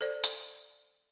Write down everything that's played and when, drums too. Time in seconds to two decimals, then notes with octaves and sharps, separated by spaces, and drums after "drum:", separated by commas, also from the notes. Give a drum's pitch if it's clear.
0.01 A4 C5 D5
0.24 drum: hi-hat